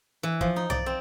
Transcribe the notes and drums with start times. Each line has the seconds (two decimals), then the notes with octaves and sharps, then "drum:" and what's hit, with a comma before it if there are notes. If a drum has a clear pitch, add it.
0.23 E3
0.41 F3, drum: kick
0.56 D#4
0.70 D5, drum: tom
0.86 C4